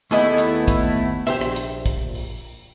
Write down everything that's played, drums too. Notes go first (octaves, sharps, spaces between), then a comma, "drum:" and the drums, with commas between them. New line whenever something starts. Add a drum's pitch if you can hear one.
D#2 A3 B3 E4 G#4 D#5
drum: hi-hat
drum: kick, hi-hat
A#1 G4 C5 E5, drum: hi-hat
drum: rim click
drum: hi-hat
drum: kick, hi-hat
drum: open hi-hat